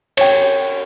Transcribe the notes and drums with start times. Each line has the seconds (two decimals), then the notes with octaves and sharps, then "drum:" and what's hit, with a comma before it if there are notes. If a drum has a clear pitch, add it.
0.17 C#5 G5, drum: cymbal